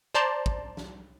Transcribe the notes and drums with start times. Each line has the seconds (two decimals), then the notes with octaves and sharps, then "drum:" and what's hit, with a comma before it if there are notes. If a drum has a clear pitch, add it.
0.14 C5 D5 A5 A#5 C6
0.46 drum: kick
0.77 drum: snare